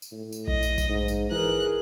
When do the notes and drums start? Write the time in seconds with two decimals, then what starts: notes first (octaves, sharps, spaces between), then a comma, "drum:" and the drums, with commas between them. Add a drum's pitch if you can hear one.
0.02 drum: tambourine
0.12 A2
0.32 drum: tambourine
0.48 D#5, drum: kick A#1
0.63 drum: tambourine
0.78 drum: kick A#1, tambourine
0.90 G#2
1.08 drum: tambourine
1.31 E3 G#4 A#4 F#6